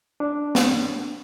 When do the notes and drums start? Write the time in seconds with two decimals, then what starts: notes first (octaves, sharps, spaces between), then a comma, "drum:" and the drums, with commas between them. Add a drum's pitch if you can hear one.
0.20 D4
0.55 drum: snare